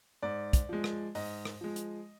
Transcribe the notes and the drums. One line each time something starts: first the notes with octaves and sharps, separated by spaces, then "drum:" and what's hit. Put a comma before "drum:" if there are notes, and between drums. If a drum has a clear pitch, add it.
G#2 D5
drum: kick, hi-hat
F3 G#3
drum: rim click
G#2 D#5, drum: open hi-hat
drum: rim click
F3 G#3
drum: hi-hat